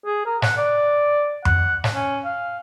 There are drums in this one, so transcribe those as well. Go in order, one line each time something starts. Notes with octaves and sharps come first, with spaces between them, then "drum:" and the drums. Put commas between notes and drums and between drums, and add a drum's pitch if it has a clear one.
G#4
A#4
F#5, drum: snare
D5
F#5, drum: tom F2
drum: snare
C#4
F5